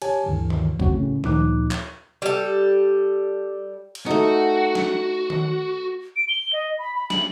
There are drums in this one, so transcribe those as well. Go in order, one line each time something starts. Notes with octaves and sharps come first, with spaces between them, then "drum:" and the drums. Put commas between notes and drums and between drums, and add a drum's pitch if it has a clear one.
G4 C#5 G#5 A5, drum: cymbal
D2 G2 D3 E3
drum: tom D#3
G#1 E2 C4 F#4, drum: kick C2
A2 C#3 A3 C#4
D2 A#2 F3 D#4 D6 F#6, drum: tom D#3
drum: clap
G3 A4
drum: cymbal
A3 D#4 F#4
drum: snare
drum: tom D#3
D7
G7
D#5
B5
B5
F#7, drum: snare